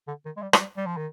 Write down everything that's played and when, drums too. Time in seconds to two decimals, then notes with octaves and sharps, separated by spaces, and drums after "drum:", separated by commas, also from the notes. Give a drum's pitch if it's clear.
0.07 D3
0.25 D#3
0.37 G#3
0.42 G3
0.53 F3, drum: rim click
0.59 G3
0.77 G3
0.86 F3
0.97 D#3